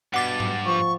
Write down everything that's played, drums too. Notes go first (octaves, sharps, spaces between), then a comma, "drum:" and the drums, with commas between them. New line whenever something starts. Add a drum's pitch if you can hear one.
G2 B2 F#5 D6 A6
drum: tom G#2
F3 C#6